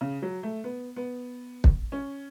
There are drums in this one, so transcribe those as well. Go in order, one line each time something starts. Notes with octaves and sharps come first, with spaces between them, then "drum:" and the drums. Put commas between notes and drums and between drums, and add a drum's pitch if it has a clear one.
C#3
F#3
A3
B3
B3
drum: kick
C#4